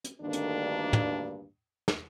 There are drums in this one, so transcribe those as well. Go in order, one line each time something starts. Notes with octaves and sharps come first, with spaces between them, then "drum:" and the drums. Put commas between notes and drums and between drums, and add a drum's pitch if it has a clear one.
drum: hi-hat
D2 G2 D3 D#3 A#3 D4
drum: hi-hat
drum: tom
drum: snare